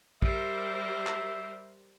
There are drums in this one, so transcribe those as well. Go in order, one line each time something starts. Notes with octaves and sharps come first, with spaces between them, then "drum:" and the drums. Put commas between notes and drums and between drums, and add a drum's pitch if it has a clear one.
G3 A#4 C5 E5, drum: kick
drum: clap